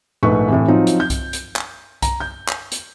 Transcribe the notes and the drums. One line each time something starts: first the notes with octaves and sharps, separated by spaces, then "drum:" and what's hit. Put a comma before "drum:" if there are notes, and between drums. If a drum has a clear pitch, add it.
A#1 G#2 A3 B4 C#6
A2 C3 E3
F3 F#3 C4 D#4 F4
drum: hi-hat
G6
drum: kick C2, hi-hat
drum: hi-hat
drum: clap
A#5, drum: kick C2, hi-hat
G6
drum: clap
drum: hi-hat